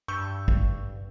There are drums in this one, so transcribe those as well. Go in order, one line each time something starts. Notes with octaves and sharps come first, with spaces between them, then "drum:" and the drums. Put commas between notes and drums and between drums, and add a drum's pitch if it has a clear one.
G2 C#6 E6 G6
drum: kick